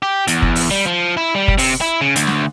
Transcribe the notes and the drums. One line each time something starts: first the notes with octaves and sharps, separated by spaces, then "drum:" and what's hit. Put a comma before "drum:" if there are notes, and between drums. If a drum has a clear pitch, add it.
G4
E2, drum: hi-hat
drum: kick
drum: open hi-hat
G3
F3
E4
G3
drum: kick
C3, drum: open hi-hat
E4
C#3
D2, drum: hi-hat
drum: snare